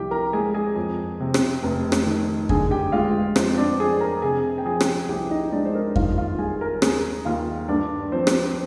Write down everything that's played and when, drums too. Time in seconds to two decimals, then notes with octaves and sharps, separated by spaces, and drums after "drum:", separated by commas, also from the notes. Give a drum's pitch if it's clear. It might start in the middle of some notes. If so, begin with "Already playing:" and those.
Already playing: C2 F3 G4 G5
0.11 A#4 A#5
0.33 G#3 G#4 G#5
0.54 G#4 G#5
0.76 F2
1.20 C3
1.34 drum: rim click
1.63 F1
1.92 drum: rim click
2.06 D#3
2.49 D3 G#4 G#5, drum: kick F2
2.71 G4 G5
2.92 G#3 F4 F5
3.36 F2 C4 C5, drum: rim click
3.58 D4 D5
3.79 F2 G#4 G#5
4.01 A#4 A#5
4.22 C3 G#4 G#5
4.58 G5
4.65 F3 G#4 G#5
4.81 drum: rim click
5.09 C2 G4 G5
5.30 D#4 D#5
5.52 G#3 D4 D5
5.65 C5
5.75 A#4
5.96 D#3 F4 F5, drum: kick F2
6.18 F4 F5
6.39 G3 G#4 G#5
6.61 A#4 A#5
6.82 D#2 G#4 G#5, drum: rim click
7.25 D#2 F4 F5
7.68 G2 D4 D5
8.12 F3 C4 C5
8.27 drum: rim click
8.44 C5